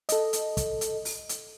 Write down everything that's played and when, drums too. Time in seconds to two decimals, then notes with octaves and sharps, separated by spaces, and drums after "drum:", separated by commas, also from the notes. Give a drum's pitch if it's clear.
0.09 A4 D#5, drum: hi-hat
0.33 drum: hi-hat
0.57 drum: kick, hi-hat
0.81 drum: hi-hat
1.05 drum: open hi-hat
1.29 drum: hi-hat